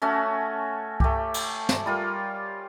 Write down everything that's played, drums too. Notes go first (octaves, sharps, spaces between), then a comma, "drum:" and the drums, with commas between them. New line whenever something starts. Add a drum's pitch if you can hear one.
A3 C#4 F#4 A5
A3 G4, drum: kick C2
drum: cymbal
drum: snare
G3 F4 A#4